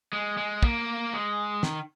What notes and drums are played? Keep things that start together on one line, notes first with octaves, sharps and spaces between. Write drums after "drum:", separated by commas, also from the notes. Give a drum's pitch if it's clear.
G#3
G#3
A#3, drum: kick
G#3
D#3, drum: snare